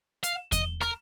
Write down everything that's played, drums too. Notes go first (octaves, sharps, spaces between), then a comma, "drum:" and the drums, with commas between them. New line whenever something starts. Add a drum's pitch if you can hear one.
F5, drum: hi-hat
D#5, drum: kick E2, hi-hat
A#4, drum: rim click